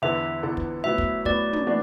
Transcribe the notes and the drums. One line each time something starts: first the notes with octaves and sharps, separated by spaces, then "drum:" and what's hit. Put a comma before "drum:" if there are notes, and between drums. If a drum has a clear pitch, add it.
E2 D3 B3 E4 A4 E5
E2 D3 B3 E4 A4
drum: kick
A2 F#3 B3 E5
drum: kick
A2 F#3 B3 D5, drum: kick
drum: tom
E3 A3 D4 F#4